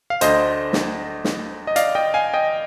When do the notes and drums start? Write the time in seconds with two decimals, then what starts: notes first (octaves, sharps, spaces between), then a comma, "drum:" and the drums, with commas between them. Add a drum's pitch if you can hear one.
0.10 F5
0.21 D2 D3 C5 D#5, drum: hi-hat
0.73 drum: snare
1.24 drum: snare
1.67 D#5
1.76 D5 F5, drum: hi-hat
1.95 D#5 G5
2.14 F5 G#5
2.34 D#5 G5